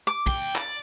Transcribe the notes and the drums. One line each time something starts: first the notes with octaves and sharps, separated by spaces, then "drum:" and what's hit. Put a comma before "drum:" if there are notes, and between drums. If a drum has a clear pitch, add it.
D6
D#2 G5, drum: kick
D5, drum: clap